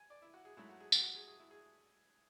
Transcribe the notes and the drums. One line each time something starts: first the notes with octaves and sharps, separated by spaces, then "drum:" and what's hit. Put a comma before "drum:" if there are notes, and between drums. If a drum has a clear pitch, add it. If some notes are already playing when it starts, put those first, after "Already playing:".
Already playing: G#5
D5
E4
F#4
G#4
G#2 F#3 A3 E4
F#4
G#4
F#4, drum: tambourine
F#4
G#4
G#4
E4
G#4